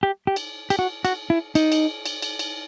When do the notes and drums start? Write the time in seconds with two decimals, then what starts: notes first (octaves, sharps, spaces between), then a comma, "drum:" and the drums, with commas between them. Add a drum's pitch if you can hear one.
0.03 G4
0.27 G4
0.36 drum: cymbal
0.70 G4, drum: cymbal
0.79 F#4
1.05 F#4, drum: cymbal
1.30 E4
1.55 D#4, drum: cymbal
1.72 drum: cymbal
2.06 drum: cymbal
2.22 drum: cymbal
2.39 drum: cymbal